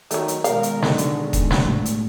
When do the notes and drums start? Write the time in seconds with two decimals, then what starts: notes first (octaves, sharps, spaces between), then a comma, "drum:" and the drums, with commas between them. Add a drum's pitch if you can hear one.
0.11 D#3 F#3 A3, drum: hi-hat
0.28 drum: hi-hat
0.44 B2 D#3 G#3 A#4 F5, drum: hi-hat
0.63 drum: hi-hat
0.82 D3 D#4, drum: snare
0.98 drum: hi-hat
1.20 D3
1.33 drum: kick D#1, hi-hat
1.51 drum: snare
1.65 A2
1.86 drum: hi-hat